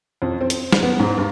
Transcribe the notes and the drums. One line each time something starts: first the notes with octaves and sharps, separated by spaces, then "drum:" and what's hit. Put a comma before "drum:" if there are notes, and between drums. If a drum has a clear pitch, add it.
F2
C4
drum: hi-hat
drum: snare
B3
G#2
G2